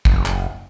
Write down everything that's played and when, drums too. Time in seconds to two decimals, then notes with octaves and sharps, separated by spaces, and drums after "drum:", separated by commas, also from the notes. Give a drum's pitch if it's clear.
0.05 F#1, drum: kick
0.26 drum: clap